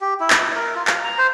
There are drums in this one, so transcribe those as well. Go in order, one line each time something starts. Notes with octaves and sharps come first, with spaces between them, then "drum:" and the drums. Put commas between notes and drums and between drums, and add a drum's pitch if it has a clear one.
G4
E4
drum: clap
E4
A#4
F4
F5, drum: clap
A#5
C5